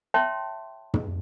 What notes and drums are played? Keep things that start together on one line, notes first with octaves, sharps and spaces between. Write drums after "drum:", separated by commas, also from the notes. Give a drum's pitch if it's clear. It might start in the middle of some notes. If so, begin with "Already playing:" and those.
C#5 E5 G5 A5 C6
drum: tom